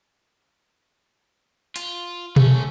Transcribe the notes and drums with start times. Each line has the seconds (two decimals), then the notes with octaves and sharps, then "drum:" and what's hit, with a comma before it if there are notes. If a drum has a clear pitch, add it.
1.76 F4, drum: hi-hat
2.36 A3 C#4, drum: tom B2